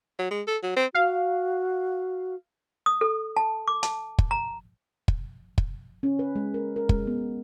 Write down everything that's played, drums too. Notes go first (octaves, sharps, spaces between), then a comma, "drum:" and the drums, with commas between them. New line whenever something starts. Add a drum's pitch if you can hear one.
F#3
G#3
A4
F#3
C4
F#4 F5
D#6
A4
A5
D6
A5, drum: hi-hat
drum: kick
A#5
drum: kick
drum: kick
C#4
B4
G#3
A#4
A#4
G#3, drum: kick
B3